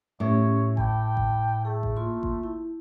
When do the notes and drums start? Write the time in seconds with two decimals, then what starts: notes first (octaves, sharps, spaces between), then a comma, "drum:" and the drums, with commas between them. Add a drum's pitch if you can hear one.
0.20 A2 C#4 G4 C#5
0.77 G5 A5 B5 D6, drum: kick G#1
1.17 drum: kick G#1
1.65 A3 G#4
1.83 drum: kick G#1
1.96 A#3 F4 C6
2.23 drum: kick G#1
2.43 E4